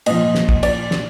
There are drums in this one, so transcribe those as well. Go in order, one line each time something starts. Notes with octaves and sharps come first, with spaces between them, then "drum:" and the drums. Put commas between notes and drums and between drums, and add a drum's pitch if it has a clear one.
A#2 F3 D#5, drum: cymbal
drum: snare
drum: kick
D5, drum: cymbal
drum: snare